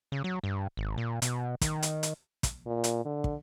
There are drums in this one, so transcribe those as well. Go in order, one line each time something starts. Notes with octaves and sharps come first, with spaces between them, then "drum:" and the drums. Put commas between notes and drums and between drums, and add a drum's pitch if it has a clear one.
C#3
F#3
G2
G#1
A#2
B2, drum: hi-hat
D#3, drum: kick, hi-hat
drum: hi-hat
drum: hi-hat
drum: kick, hi-hat
A#2
drum: hi-hat
D3
drum: kick